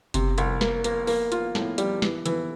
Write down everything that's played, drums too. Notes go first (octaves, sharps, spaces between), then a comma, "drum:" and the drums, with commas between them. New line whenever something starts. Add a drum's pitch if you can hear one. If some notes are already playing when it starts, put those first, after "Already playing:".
C3, drum: kick F#1, hi-hat
C2, drum: hi-hat
A#3, drum: snare
A#3, drum: hi-hat
A#3, drum: open hi-hat
F4, drum: hi-hat
A2, drum: snare
G3, drum: hi-hat
E3, drum: snare
E3, drum: hi-hat